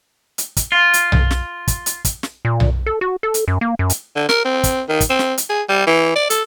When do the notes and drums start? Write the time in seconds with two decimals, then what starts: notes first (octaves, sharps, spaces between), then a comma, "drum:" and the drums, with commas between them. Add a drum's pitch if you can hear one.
0.38 drum: hi-hat
0.57 drum: kick, hi-hat
0.72 F4
0.94 drum: hi-hat
1.12 drum: tom B1
1.31 drum: snare
1.68 drum: kick, hi-hat
1.86 drum: hi-hat
2.05 drum: kick, hi-hat
2.23 drum: snare
2.45 A#2
2.60 drum: tom B1
2.86 A4
3.01 F#4
3.23 A4
3.34 drum: hi-hat
3.48 F#2
3.61 A#3
3.79 F#2
3.90 drum: hi-hat
4.16 D3
4.29 A#4, drum: snare
4.45 C4
4.64 drum: kick, hi-hat
4.89 D#3
5.01 drum: kick, hi-hat
5.10 C4
5.19 drum: snare
5.38 drum: hi-hat
5.50 G#4
5.69 G3
5.87 E3
6.16 D5
6.30 A4, drum: hi-hat